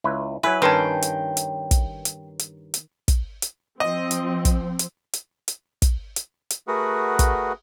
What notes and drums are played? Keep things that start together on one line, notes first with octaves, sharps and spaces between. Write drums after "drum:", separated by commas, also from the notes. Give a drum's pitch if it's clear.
C#2 E4 B4
F#3 E4 B4 G#5
G2 D#3 C#4 B4 G5 A5 C6
drum: hi-hat
drum: hi-hat
drum: kick, hi-hat
drum: hi-hat
drum: hi-hat
drum: hi-hat
drum: kick, hi-hat
drum: hi-hat
F3 C4 D#5
drum: hi-hat
drum: kick, hi-hat
drum: hi-hat
drum: hi-hat
drum: hi-hat
drum: kick, hi-hat
drum: hi-hat
drum: hi-hat
A3 F#4 G#4 A#4 B4 F#5
drum: kick, hi-hat